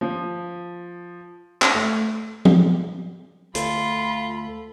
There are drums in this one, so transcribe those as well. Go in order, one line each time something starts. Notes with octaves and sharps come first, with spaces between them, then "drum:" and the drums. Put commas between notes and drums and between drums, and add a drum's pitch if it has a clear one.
F3
drum: clap
A3
drum: tom F3
D2 A3 F4 A4 B5, drum: hi-hat